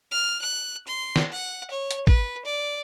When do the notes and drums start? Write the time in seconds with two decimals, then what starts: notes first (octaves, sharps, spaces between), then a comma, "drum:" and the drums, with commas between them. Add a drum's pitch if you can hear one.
0.12 F6
0.42 F#6
0.87 C6
1.16 drum: snare
1.32 F#5
1.71 C#5
1.91 drum: hi-hat
2.07 B4, drum: kick
2.45 D5